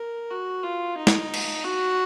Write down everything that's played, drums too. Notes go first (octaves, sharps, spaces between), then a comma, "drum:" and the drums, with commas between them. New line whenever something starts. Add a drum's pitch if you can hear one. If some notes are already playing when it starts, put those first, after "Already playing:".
Already playing: A#4
F#4
F4
D#4
drum: snare
drum: cymbal
F#4